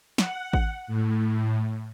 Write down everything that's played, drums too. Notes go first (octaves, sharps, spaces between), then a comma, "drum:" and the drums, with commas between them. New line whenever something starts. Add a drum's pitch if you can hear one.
F#5, drum: snare
drum: kick A1
A2